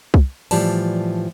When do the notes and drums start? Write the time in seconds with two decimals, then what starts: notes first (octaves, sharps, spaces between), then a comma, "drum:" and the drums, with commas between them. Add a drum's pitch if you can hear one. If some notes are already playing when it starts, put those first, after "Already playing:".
0.14 drum: kick C2
0.51 A2 E3 F3 G3 D5 A5, drum: open hi-hat